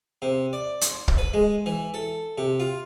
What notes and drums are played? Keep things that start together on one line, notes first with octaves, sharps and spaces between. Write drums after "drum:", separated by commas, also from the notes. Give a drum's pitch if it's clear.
C3
D5
C6, drum: hi-hat
drum: kick
B4
G#3
E3
A4
C3
F4